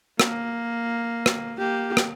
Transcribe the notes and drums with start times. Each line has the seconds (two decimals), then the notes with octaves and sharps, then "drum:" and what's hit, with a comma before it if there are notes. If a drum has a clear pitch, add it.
0.20 A#3, drum: rim click
1.26 drum: rim click
1.58 A#3 G4
1.97 drum: rim click